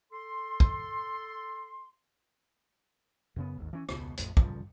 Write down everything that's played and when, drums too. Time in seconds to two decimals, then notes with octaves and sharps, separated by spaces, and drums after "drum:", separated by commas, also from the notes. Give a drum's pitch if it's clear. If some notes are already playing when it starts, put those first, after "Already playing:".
0.12 A4 C6
0.60 drum: kick
3.36 F#2 C#3 B3
3.58 G#1 D#2
3.73 E3 C#4
3.89 E1 C#2 B2, drum: rim click
4.17 A1 F2 A2, drum: hi-hat
4.37 B1 G2 C#3 F3, drum: kick